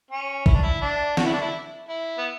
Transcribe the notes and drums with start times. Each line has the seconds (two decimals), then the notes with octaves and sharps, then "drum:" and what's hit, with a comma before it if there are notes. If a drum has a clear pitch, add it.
0.11 C#4
0.46 E4, drum: kick
0.54 D4
0.63 E4
0.81 D4
1.17 F#4, drum: snare
1.25 E4
1.33 D4
1.41 E4
1.89 E4
2.18 B3